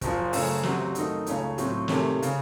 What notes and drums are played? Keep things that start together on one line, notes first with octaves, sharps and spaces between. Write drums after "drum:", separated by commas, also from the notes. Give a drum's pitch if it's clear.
F#1 F#2 F3, drum: kick, hi-hat
F#2 C#3 A3 C#4, drum: open hi-hat
C2 C3 F#3 C4 F#4, drum: snare
F#2 D#3 A3 D#4, drum: hi-hat
C#2 C#3 A3 C#4, drum: hi-hat
A2 F#3 C4, drum: hi-hat
C3 D#3 A3 C#4, drum: snare
C#3, drum: hi-hat